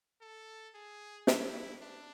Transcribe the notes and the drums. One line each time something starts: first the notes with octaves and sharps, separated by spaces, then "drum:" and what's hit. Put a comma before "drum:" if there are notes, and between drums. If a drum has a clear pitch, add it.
A4
G#4
E4, drum: snare
D4